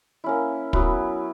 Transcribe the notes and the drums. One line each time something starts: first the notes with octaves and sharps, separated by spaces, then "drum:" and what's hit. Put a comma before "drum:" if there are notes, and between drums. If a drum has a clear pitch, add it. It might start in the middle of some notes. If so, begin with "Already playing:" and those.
A#3 C#4 E4
F#3 B3 E4, drum: kick